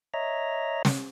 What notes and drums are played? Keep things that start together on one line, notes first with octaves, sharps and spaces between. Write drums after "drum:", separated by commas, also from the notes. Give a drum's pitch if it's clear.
C#5 D#5 E5 A#5
drum: snare